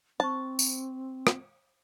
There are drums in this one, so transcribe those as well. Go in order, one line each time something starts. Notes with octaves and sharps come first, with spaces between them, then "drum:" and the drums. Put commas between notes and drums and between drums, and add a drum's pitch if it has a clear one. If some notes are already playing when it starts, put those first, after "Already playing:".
C4 C5 A5 C#6
drum: tambourine
drum: rim click